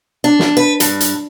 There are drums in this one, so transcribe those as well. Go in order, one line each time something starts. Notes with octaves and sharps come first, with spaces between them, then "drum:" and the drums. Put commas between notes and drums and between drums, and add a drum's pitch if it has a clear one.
D4
drum: snare
B4
G2, drum: hi-hat
drum: hi-hat